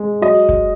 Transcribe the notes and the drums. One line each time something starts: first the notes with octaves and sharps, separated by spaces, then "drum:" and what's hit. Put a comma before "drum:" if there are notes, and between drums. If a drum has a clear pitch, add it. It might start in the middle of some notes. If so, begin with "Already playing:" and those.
Already playing: G#3
F#3 D#5
drum: kick